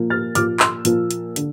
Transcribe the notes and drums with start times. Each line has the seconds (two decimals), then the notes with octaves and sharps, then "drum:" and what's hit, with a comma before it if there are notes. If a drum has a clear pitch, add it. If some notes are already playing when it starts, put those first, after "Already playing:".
Already playing: A#2 F3 A#3
0.10 F6 A6
0.35 A#2 F3 A#3 D6 F6, drum: hi-hat
0.60 C6 E6, drum: clap
0.85 A#2 F3 A#3, drum: hi-hat
1.11 drum: hi-hat
1.36 D3, drum: hi-hat